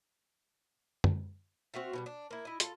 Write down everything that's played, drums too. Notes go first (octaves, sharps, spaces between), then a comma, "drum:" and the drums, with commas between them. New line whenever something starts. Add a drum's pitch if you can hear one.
drum: tom
C4 F#4 E5 F5
B2 E3 G3
D4
A#3 E4
E4 D#5
F4 A4, drum: hi-hat